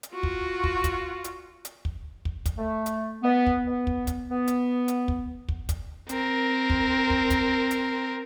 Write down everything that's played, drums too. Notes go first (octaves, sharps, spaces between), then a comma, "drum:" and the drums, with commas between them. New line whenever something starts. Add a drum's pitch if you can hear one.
drum: hi-hat
F4 F#4
drum: kick
drum: kick
drum: kick, hi-hat
drum: hi-hat
drum: hi-hat
drum: kick
drum: kick
drum: kick, hi-hat
A3
drum: hi-hat
B3
drum: kick
B3
drum: kick
drum: kick, hi-hat
B3
drum: hi-hat
drum: hi-hat
drum: kick
drum: kick
drum: kick, hi-hat
C4 A#4, drum: hi-hat
drum: kick
drum: kick
drum: kick, hi-hat
drum: hi-hat